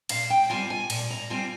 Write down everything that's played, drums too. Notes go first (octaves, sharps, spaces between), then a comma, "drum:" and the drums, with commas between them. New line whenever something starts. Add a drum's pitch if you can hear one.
A#2 F5, drum: cymbal
G5
G3 C4 F4 G#5
G#5
A#2 G#5, drum: cymbal
A#5
G3 C4 F4 G#5